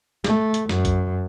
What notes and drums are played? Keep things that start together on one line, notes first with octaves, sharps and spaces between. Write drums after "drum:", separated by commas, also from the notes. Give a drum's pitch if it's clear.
A3, drum: snare
drum: hi-hat
F#2, drum: snare
drum: kick A#1, hi-hat